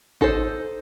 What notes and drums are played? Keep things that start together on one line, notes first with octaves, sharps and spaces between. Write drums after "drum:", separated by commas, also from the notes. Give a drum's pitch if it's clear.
D#4 A4 C5, drum: kick G#1